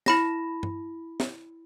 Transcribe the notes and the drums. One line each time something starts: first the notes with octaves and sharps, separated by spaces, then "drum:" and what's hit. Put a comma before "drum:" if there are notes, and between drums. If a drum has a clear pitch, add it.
E4 B5 A#6, drum: snare
drum: tom G2
drum: snare